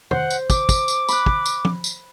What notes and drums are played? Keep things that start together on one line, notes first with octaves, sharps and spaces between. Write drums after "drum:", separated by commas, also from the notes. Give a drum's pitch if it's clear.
C5 F#5, drum: tom
drum: tambourine
D6, drum: kick, tambourine
drum: kick, tambourine
drum: tambourine
B5 F#6, drum: tambourine
drum: kick
drum: tambourine
drum: tom
drum: tambourine